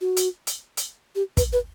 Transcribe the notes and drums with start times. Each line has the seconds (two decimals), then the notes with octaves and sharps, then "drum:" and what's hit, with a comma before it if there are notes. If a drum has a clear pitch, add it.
0.01 F#4
0.17 drum: hi-hat
0.47 drum: hi-hat
0.77 drum: hi-hat
1.16 G4
1.37 B4, drum: kick, hi-hat
1.53 B4